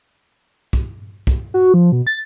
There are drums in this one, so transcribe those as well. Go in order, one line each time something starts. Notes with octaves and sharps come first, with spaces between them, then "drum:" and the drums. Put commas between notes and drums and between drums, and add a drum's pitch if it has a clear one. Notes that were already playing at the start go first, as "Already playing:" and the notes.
drum: kick
drum: kick
F#4
F3
B2
A6